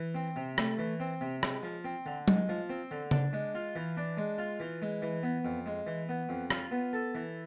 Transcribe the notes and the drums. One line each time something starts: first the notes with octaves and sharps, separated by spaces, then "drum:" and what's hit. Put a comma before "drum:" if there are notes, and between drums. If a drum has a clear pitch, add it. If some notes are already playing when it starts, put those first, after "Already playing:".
Already playing: E3
C4
C3
A3, drum: rim click
E3
C4
C3
G#3, drum: rim click
F3
C4
D3
G#3, drum: tom F#3
F3
C4
D3
D4, drum: tom C#3
G#3
F4
E3
D4
G#3
F4
E3
G#3
E3
B3
F2
G#3
E3
B3
F2
F4, drum: rim click
B3
A4
E3